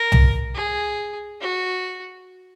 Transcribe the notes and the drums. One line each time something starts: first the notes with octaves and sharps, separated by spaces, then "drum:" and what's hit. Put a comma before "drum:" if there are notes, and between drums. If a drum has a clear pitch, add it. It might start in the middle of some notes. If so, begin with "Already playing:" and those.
Already playing: A#4
drum: tom C2
G#4
F#4